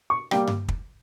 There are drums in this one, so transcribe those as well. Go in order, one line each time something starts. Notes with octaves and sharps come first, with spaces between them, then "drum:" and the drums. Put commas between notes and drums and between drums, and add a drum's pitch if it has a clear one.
C#6
G3 A#3 G5, drum: rim click
drum: tom G2
drum: kick